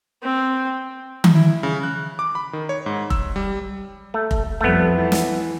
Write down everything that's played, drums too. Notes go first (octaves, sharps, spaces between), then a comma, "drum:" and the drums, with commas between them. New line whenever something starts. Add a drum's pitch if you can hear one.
C4
drum: tom D#3
E4
C#3
F#6
D6
B5
D#3
C#5
G#2
E6, drum: kick F1
G3
A3
drum: kick F1
F2 G3 A3 B3
E3
drum: snare